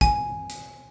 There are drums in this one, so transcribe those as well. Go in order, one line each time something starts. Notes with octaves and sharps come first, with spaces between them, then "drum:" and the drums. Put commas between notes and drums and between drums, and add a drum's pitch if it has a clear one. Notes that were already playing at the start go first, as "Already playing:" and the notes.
G#5, drum: kick, hi-hat
drum: hi-hat